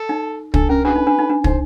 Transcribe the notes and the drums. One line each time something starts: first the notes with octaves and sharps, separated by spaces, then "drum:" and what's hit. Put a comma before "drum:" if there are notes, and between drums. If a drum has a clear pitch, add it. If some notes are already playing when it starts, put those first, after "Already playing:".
Already playing: A4
D#4
D4 A4, drum: kick
C#4 A#4
D4 F#4 G#4 B4
D#4
D4
D#4
D4
D#4 C5, drum: kick